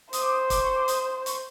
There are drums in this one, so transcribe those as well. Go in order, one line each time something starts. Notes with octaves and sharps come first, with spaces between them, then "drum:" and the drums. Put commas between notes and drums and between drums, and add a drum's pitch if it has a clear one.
C5 D#6, drum: hi-hat
D6
D#6
D6, drum: kick, hi-hat
C#6
D6
D#6, drum: hi-hat
C#6, drum: hi-hat